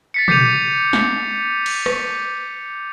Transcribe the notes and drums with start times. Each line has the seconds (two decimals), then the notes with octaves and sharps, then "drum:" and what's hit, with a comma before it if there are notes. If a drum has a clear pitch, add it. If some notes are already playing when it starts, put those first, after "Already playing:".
0.14 A6 B6 C#7
0.28 D6 G6 C7 C#7 D#7 F7, drum: tom
0.93 drum: snare
1.66 drum: cymbal
1.86 drum: rim click